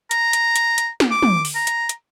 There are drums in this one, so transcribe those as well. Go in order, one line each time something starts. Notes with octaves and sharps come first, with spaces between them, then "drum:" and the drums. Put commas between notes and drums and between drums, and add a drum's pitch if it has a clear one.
A#5, drum: hi-hat
drum: hi-hat
drum: hi-hat
drum: hi-hat
drum: snare
D6
drum: tom
drum: open hi-hat
A#5
drum: hi-hat
drum: hi-hat